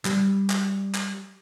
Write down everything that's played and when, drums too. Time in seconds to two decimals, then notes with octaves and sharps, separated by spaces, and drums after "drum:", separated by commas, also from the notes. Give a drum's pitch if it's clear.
0.05 G3, drum: clap
0.50 drum: clap
0.94 drum: clap